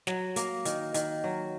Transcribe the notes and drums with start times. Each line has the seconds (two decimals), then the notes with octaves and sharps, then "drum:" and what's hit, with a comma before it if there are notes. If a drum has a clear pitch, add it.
0.07 F#3, drum: snare
0.36 A#3, drum: hi-hat
0.65 D#3, drum: hi-hat
0.94 D#3, drum: hi-hat
1.24 F#3